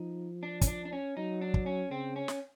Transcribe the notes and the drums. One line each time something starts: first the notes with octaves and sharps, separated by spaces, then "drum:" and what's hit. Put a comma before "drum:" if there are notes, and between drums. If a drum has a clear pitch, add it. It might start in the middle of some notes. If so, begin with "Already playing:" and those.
Already playing: F3 D#4
D4
C#4, drum: kick, hi-hat
D4
D4
C#4
F#3 D#4
D4
drum: kick
C#4
C#3 C4
C#4
drum: snare